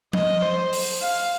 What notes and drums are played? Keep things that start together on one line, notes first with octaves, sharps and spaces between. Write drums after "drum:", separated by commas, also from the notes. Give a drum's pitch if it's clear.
D#5, drum: tom F3
C5
drum: open hi-hat
F5